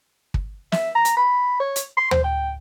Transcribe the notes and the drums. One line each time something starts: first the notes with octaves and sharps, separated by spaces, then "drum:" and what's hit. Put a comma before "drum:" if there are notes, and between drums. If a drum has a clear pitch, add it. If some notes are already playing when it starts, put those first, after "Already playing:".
drum: kick
E5, drum: snare
A#5
drum: hi-hat
B5
C#5
drum: hi-hat
C6
C5, drum: tom D2
G5